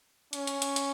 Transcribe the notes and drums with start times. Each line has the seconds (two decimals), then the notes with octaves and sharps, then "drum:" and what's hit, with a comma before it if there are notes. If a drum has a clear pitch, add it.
0.33 C#4, drum: hi-hat
0.47 drum: hi-hat
0.62 drum: hi-hat
0.76 drum: hi-hat